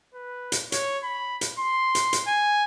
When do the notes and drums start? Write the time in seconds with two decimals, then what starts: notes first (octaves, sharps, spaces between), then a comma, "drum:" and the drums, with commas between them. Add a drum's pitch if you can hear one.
0.14 B4
0.52 drum: hi-hat
0.72 C#5, drum: hi-hat
1.04 B5
1.41 drum: hi-hat
1.59 C6
1.95 drum: hi-hat
2.13 drum: hi-hat
2.27 G#5